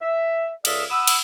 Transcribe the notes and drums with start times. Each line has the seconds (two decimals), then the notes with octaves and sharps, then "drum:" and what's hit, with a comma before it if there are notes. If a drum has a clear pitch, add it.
0.02 E5
0.65 C#2 A4 D5 E5 F5 D#6, drum: cymbal
0.90 F#5 B5 D#6 E6
1.07 drum: cymbal